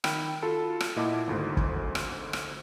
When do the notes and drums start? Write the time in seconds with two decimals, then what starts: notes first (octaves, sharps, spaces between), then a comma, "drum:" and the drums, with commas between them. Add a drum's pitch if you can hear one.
0.04 D#3 G5 B5, drum: rim click
0.42 F4 F#4 A4 B5
0.80 drum: rim click
0.96 A#2 E4 D#5 F#5 A5 D6
1.27 G#1 D2 G#2
1.57 drum: kick
1.95 drum: rim click
2.33 drum: rim click